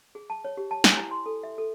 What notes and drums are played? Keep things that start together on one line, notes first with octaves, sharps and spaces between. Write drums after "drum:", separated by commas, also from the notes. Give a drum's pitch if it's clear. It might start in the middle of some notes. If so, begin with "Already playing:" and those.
G#4
A5
C#5
G4
A5
G#5, drum: snare
E4
C6
A4
E5
A4